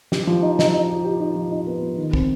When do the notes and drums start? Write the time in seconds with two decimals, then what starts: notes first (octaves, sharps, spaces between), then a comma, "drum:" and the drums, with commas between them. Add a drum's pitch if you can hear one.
0.12 G4, drum: snare
0.27 F3
0.42 D#4
0.59 D#4, drum: snare
0.74 D#4
0.89 G4
1.05 G4
1.20 D#4
1.36 F3
1.51 D#4
1.67 B3
1.83 F3
1.98 D#3
2.13 C4, drum: kick